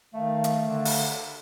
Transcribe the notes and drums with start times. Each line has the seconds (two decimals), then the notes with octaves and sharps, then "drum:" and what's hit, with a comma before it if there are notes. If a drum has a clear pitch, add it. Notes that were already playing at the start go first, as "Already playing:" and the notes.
0.14 D#3 A3 F5
0.44 drum: hi-hat
0.66 D3
0.85 drum: open hi-hat